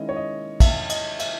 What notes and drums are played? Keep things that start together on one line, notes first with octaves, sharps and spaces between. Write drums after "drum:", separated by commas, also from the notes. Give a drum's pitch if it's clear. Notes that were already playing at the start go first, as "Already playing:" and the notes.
Already playing: D#3 G#3 C#4 E4 D#5
C#5
D#5
E5, drum: kick, cymbal
D#5, drum: cymbal
E5, drum: cymbal